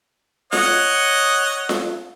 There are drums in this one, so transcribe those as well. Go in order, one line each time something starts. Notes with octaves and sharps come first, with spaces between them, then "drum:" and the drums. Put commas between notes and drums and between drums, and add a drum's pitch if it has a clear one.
C#5 D#5 F#5, drum: snare F4
drum: snare F4